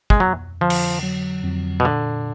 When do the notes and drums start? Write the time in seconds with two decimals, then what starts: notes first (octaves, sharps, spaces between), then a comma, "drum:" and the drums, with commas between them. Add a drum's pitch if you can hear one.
0.10 G#3, drum: kick
0.20 F2 F#3
0.61 D3 F3
0.70 drum: cymbal
1.03 F#3
1.44 F2
1.80 B2
1.85 A#2 D3